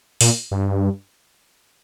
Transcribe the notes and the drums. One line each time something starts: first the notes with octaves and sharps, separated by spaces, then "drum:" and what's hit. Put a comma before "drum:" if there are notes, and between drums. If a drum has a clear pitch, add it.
A#2, drum: open hi-hat
G2